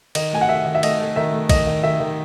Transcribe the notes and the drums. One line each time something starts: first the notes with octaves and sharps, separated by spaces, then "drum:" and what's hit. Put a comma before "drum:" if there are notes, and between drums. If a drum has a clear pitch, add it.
D#3 D#5, drum: cymbal
A3 G#5
F#5
D#3 E5
D#3
E5
A3 D#5, drum: cymbal
A3
D#3 E5
A3
D#3 D#5, drum: kick, cymbal
D#3
D#3 E5
D#3